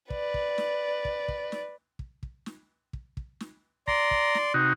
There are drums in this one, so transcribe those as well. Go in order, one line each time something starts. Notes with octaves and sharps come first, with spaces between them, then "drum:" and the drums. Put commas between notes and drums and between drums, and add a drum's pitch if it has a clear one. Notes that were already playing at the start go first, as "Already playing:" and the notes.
B4 D5, drum: kick
drum: kick
drum: snare
drum: kick
drum: kick
drum: snare
drum: kick
drum: kick
drum: snare
drum: kick
drum: kick
drum: snare
D5 A#5 C6, drum: kick
drum: kick
drum: snare
C3 D#4 F#4